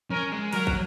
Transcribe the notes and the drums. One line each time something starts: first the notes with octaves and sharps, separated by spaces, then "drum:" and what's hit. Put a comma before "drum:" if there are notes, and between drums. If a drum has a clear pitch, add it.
C#4 A#4, drum: tom E3
G#3
F#3 A#4, drum: cymbal
drum: kick